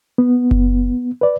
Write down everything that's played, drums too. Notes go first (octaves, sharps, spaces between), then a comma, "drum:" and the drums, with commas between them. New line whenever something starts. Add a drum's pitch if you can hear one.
B3
drum: kick F#1
B4 D5